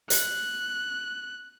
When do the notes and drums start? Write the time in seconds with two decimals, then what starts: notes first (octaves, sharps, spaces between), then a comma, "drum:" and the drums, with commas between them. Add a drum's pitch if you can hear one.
0.10 F#6, drum: hi-hat